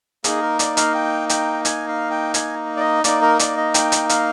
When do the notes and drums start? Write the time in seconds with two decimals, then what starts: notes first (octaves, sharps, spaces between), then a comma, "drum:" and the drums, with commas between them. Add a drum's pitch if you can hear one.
0.24 A#3 D#4 G#4, drum: hi-hat
0.42 A#4
0.59 D5, drum: hi-hat
0.77 F5, drum: hi-hat
0.95 G5
1.29 G5, drum: hi-hat
1.65 G#5, drum: hi-hat
1.88 F5
2.11 G5
2.34 G#5, drum: hi-hat
2.77 D5
2.81 D#5
3.04 A#3 D#4 D5, drum: hi-hat
3.22 A#4
3.39 D5, drum: hi-hat
3.57 D#5
3.74 G5, drum: hi-hat
3.92 drum: hi-hat
4.09 F5, drum: hi-hat